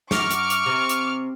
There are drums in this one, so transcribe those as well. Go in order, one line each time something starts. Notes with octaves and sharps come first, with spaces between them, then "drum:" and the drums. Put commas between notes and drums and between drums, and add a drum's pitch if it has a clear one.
F#2 C#6 D6 F6, drum: snare
drum: hi-hat
drum: hi-hat
C3
drum: hi-hat